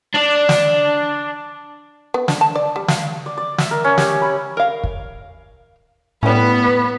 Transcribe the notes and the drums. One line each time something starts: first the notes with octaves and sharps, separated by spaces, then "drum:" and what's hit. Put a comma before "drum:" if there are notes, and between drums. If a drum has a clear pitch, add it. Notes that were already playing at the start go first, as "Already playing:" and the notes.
D4 D5
drum: snare
B3
D4, drum: snare
A5
D5
G3
F5, drum: snare
D5
D5
E5, drum: snare
A#4
C#4
G4, drum: snare
B5
A#4 F5
drum: kick
A2 G3 B3 C#4 B4